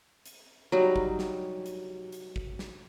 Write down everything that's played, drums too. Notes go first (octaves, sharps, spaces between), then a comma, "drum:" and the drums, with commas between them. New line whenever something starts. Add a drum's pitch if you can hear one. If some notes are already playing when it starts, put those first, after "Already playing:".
drum: hi-hat
F#3 G3 D#4
drum: kick G#1
drum: snare
drum: hi-hat
drum: hi-hat
drum: kick G#1
drum: snare